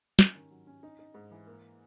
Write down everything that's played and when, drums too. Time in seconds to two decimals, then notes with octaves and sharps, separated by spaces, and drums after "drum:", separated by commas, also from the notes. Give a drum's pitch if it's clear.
0.19 C#4, drum: snare
0.35 D#3
0.51 F#3
0.67 C#4
0.83 D#4
0.99 D#4
1.14 G#2
1.31 E3
1.46 A#3